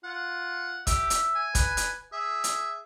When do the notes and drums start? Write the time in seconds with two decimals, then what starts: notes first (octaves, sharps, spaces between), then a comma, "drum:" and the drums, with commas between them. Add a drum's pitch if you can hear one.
0.04 F4 F#5
0.87 G4 E5, drum: kick, hi-hat
1.10 drum: hi-hat
1.36 G#5
1.55 B4, drum: kick, hi-hat
1.77 drum: hi-hat
2.13 G#4 E5
2.44 drum: hi-hat